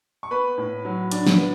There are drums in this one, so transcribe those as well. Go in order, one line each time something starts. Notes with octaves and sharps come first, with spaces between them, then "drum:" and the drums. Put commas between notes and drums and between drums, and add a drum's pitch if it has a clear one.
C#6
B3 B4 B5
A2
F#3
D4, drum: hi-hat
drum: snare
B3